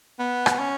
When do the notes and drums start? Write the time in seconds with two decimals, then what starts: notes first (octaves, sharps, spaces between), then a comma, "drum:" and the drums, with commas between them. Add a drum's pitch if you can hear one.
0.20 B3
0.46 drum: rim click
0.59 C#4